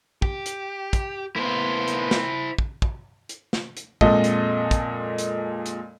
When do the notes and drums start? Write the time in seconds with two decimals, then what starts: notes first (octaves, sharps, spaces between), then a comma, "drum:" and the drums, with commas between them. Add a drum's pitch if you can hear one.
0.22 G4, drum: kick
0.46 drum: hi-hat
0.93 drum: kick, hi-hat
1.36 A#3 B3 E4 C5
1.88 drum: hi-hat
2.11 drum: snare
2.58 drum: kick
2.82 drum: kick
3.29 drum: hi-hat
3.53 drum: snare
3.77 drum: hi-hat
4.01 F2 A#2 G#3 A4 D#5, drum: kick
4.24 drum: hi-hat
4.71 drum: kick, hi-hat
5.18 drum: hi-hat
5.66 drum: hi-hat